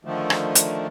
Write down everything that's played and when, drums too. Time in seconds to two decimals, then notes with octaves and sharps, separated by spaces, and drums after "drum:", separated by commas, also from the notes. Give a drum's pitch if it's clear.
0.05 D3 D#3 F3 A3
0.30 drum: rim click
0.55 drum: hi-hat